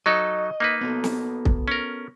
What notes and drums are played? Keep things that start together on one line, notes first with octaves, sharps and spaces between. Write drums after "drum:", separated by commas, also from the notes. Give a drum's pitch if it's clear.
F#3 D#4 A4 D#5
A#3 D#4 B4
B3 F#4 A4
drum: snare
drum: kick
C#4 A#4